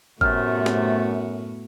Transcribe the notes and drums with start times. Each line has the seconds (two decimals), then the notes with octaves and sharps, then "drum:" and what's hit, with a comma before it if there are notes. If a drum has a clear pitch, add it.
0.21 F#2 A2 C3 A3 B3 F#4 F6, drum: kick G1
0.66 drum: snare